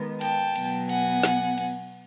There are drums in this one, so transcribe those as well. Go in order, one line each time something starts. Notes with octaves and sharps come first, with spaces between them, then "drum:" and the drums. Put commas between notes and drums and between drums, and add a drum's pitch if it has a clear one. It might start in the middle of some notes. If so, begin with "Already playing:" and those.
Already playing: D#3 G#3 B3
G5 A5, drum: cymbal
B2 F#3 B3, drum: cymbal
F#5 G#5, drum: cymbal
drum: snare
drum: cymbal